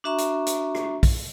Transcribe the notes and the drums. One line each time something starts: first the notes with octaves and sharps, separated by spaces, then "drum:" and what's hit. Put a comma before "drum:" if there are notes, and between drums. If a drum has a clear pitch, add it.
D4 F#4 E5 A#5 C#6
drum: hi-hat
drum: hi-hat
drum: rim click
drum: kick, open hi-hat